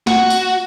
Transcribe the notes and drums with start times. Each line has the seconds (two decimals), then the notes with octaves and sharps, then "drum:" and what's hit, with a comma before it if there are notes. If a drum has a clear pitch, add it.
0.07 F#4, drum: snare
0.30 drum: tambourine